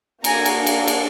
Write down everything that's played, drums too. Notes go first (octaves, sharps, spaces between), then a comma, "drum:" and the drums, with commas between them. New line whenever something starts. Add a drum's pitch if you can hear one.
A#3 D4 F#4 A4 G#5 A#5, drum: cymbal
drum: cymbal
drum: cymbal
drum: cymbal